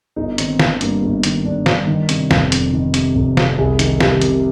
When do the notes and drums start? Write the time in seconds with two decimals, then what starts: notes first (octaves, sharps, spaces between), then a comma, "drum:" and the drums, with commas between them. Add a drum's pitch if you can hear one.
0.16 G1 D#4
0.38 D#3 C4, drum: hi-hat
0.59 G1 C4, drum: snare
0.81 G2 A#3, drum: hi-hat
1.03 G1
1.23 D#3, drum: hi-hat
1.44 G1 D4
1.66 G2, drum: snare
1.87 D#3
2.09 C3, drum: hi-hat
2.31 F1, drum: snare
2.52 F2, drum: hi-hat
2.73 D#3
2.94 C3, drum: hi-hat
3.15 F1
3.37 F2, drum: snare
3.58 C2 G#4
3.79 D#3, drum: hi-hat
4.00 C2 G4, drum: snare
4.21 C3, drum: hi-hat